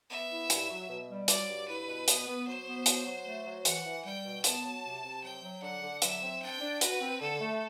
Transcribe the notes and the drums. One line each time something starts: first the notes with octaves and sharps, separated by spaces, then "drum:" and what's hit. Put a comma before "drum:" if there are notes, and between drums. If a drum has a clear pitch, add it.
B3 E5
E4
G2, drum: hi-hat
F#3
B2
G3
F#3 D5, drum: hi-hat
G2
E4 B4
B2
B3, drum: hi-hat
B3
F#3 C5
B3
F#3, drum: hi-hat
F#3
A3
F#3
E3 F#5, drum: hi-hat
E3
G3 G5
B2
B3 A5, drum: hi-hat
F#3
C3
C3
F#3 G5
F#3
D3 F#5
D3
F#3 E5, drum: hi-hat
C4
D4 G5
D4
F#4 B4, drum: hi-hat
C4
D3 A4
A3